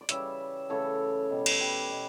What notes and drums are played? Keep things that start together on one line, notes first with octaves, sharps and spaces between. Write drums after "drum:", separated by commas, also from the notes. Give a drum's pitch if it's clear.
D5
C#3 E3 G3 C#5 E5, drum: hi-hat
C#3 E3 A3 A4 C#5
B2 G3
drum: cymbal
G4 B4
B2